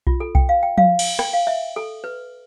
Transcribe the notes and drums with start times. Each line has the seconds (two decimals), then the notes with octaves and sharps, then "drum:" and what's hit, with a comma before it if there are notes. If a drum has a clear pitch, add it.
0.07 F4, drum: kick B1
0.20 A4
0.35 G5, drum: kick B1
0.49 F5
0.63 G5
0.78 F5, drum: tom F3
0.99 drum: cymbal
1.19 G5, drum: rim click
1.33 F5
1.47 E5
1.76 A4
2.04 B4